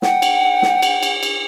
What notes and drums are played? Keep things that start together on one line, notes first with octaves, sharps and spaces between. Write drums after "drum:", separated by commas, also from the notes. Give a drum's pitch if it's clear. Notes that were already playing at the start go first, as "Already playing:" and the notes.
F#5 G5, drum: snare
drum: cymbal
drum: snare
drum: cymbal
drum: cymbal
drum: cymbal